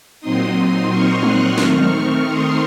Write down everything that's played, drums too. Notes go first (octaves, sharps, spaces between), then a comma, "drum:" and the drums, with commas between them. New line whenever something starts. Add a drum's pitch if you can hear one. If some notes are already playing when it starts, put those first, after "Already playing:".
A#2 F#3 C4 D#4 C6 D#6
C#6 F6
D#6 F#6, drum: tom
D#3 A3 C4 D#4 C#6 F6, drum: snare
drum: tom
C6 D#6